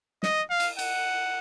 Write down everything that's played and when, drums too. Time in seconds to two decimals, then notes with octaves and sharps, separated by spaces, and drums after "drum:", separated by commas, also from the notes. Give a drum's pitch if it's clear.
0.23 D#5, drum: snare
0.50 F5
0.60 drum: cymbal
0.79 F#5, drum: cymbal